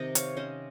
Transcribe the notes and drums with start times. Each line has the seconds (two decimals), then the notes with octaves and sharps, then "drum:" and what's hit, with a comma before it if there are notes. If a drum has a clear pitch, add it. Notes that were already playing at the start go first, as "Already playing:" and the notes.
Already playing: C3 D#3 D#5
0.15 C#5 F5, drum: hi-hat
0.37 C#4 C5 D#5